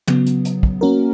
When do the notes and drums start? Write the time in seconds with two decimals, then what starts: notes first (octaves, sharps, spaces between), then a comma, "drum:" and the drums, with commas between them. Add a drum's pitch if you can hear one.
0.07 C#3 F#3 B3, drum: tom
0.26 drum: hi-hat
0.45 drum: hi-hat
0.63 drum: kick
0.81 A#3 C#4 F#4 A#4